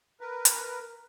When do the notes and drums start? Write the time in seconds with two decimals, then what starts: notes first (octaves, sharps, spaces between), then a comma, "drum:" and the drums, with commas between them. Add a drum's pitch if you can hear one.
0.21 A#4 B4
0.45 drum: hi-hat